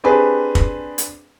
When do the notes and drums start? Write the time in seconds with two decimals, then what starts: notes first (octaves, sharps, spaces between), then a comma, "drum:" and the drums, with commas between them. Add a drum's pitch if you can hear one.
0.04 C4 D4 G4 G#4 B4
0.55 drum: kick
0.98 drum: hi-hat